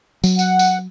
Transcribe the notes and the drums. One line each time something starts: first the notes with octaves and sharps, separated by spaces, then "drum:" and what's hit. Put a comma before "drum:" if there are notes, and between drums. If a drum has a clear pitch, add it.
F#3, drum: tambourine
F#5, drum: tambourine
drum: tambourine